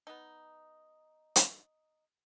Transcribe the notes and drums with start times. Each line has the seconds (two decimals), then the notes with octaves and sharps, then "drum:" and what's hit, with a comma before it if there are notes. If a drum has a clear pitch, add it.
0.07 B3 D#4
1.36 drum: hi-hat